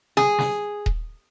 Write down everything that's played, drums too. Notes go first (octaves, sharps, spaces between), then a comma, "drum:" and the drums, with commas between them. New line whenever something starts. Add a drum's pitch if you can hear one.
G#4, drum: snare
drum: snare
drum: kick D#1